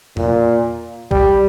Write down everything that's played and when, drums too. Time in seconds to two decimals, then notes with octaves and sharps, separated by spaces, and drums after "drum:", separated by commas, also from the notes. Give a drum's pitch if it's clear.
0.17 A#2, drum: tom E2
1.11 G3, drum: kick